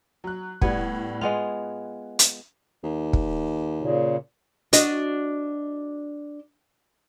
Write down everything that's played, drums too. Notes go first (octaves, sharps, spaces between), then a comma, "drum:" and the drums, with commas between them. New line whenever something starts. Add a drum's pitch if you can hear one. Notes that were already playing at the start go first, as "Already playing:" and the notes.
F#3 F#6
A2 G3 B3 G#6, drum: kick
G#3 B3 F4 F7
drum: hi-hat
D#2
drum: kick
A#2 C#3
D4 F#4 D#5, drum: hi-hat